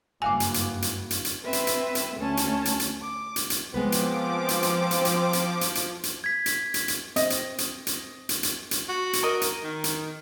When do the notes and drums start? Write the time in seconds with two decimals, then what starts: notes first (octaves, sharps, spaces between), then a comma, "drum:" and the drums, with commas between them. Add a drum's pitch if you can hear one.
0.22 F#1 G2 F#4 F5 G#5 D6
0.40 drum: hi-hat
0.54 drum: hi-hat
0.82 drum: hi-hat
1.10 drum: hi-hat
1.25 drum: hi-hat
1.43 C4 B4 E5
1.53 drum: hi-hat
1.67 drum: hi-hat
1.95 drum: hi-hat
2.17 D2 C#4 A5
2.37 drum: hi-hat
2.65 drum: hi-hat
2.80 drum: hi-hat
3.00 D6
3.36 drum: hi-hat
3.50 drum: hi-hat
3.74 F3 G#3 B3 C4 B4 D6
3.92 drum: hi-hat
4.49 drum: hi-hat
4.63 drum: hi-hat
4.91 drum: hi-hat
5.05 drum: hi-hat
5.33 drum: hi-hat
5.61 drum: hi-hat
5.75 drum: hi-hat
6.03 drum: hi-hat
6.24 G#6 B6
6.46 drum: hi-hat
6.74 drum: hi-hat
6.88 drum: hi-hat
7.16 C4 D#5, drum: hi-hat
7.30 drum: hi-hat
7.58 drum: hi-hat
7.87 drum: hi-hat
8.29 drum: hi-hat
8.43 drum: hi-hat
8.71 drum: hi-hat
8.89 F#4
9.13 drum: hi-hat
9.23 A#4 D#5
9.41 drum: hi-hat
9.64 D#3
9.84 drum: hi-hat